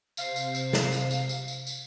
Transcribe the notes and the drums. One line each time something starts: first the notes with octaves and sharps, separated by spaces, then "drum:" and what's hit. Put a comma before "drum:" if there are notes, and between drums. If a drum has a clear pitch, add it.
C3 C5 F5, drum: tambourine
drum: tambourine
drum: tambourine
drum: snare
drum: tambourine
drum: tambourine
drum: tambourine
drum: tambourine
drum: tambourine